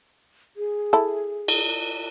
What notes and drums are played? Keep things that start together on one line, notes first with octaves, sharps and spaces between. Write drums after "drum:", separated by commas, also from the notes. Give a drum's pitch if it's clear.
G#4
E4 A4
drum: cymbal